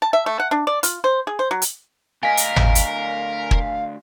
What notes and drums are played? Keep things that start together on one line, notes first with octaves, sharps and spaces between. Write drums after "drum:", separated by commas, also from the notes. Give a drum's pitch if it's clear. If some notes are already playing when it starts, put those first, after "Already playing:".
A5
E5
A3
F#5
D4
D5
F4, drum: hi-hat
C5
G#4
C5
F#3
drum: hi-hat
D2 A#4 D#5 F5 G#5 B6
drum: hi-hat
drum: tom G#1
drum: hi-hat
drum: kick